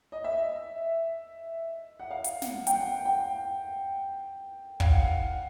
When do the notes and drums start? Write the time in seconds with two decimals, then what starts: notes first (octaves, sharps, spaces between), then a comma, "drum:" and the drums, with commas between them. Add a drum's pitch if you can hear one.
0.12 D#5
0.24 E5
2.00 F#5
2.11 F5
2.24 drum: hi-hat
2.42 F#5, drum: snare
2.67 G5, drum: hi-hat
2.73 F#5
3.05 G5
4.80 F5, drum: kick
4.92 F#5